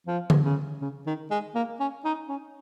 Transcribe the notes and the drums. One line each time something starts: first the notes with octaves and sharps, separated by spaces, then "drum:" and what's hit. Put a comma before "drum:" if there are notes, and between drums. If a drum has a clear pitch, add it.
F3
drum: tom D3
C#3
C#3
D#3
G#3
A#3
C#4
D#4
C#4